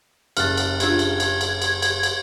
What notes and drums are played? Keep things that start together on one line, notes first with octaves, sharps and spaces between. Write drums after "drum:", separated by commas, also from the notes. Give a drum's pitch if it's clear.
F#1 F6 F#6 A6, drum: cymbal
drum: cymbal
C#4 D4 F4 G#6, drum: cymbal
drum: cymbal
drum: cymbal
drum: cymbal
drum: cymbal
drum: cymbal
drum: cymbal